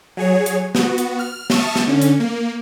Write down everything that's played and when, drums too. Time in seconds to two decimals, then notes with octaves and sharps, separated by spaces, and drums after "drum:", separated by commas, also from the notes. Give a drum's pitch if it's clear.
0.17 F#3 G#4 C#5
0.46 drum: hi-hat
0.75 B3 F#4, drum: snare
0.98 drum: hi-hat
1.19 F6
1.50 E5 A5 C#6 D#6 F6, drum: snare
1.76 drum: snare
1.87 D3 C#4
2.02 drum: hi-hat
2.20 A#3